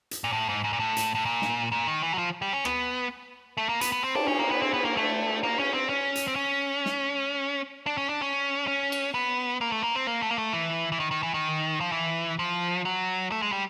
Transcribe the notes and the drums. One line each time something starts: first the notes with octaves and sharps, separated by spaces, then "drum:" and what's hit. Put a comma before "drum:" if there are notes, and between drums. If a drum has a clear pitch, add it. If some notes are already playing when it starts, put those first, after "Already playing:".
drum: hi-hat
A#2
A2
G#2
G#2
A#2
A2
drum: hi-hat
A2
A#2
drum: snare
A#2
D#3
E3
F#3
F3
G3
C#4
B3, drum: rim click
A3
A#3
B3, drum: hi-hat
B3
C4
D4, drum: cymbal
C#4
A#3
B3
C4
B3
A#3
A3
A#3
C#4
C4
C#4
drum: hi-hat
C4
C#4
drum: snare
D4
C#4
D4
C#4
C#4
drum: cymbal
B3
A#3
A3
A#3
C4
A#3
A3
A#3
A3
E3
E3
D#3
D#3
E3
D#3
F3
E3
F3
F#3
A3
G#3
G3